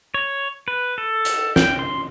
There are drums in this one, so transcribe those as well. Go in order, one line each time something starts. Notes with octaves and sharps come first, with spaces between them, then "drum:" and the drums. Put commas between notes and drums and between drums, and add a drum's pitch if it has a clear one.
C#5
B4
A4
drum: hi-hat
G5, drum: snare
C6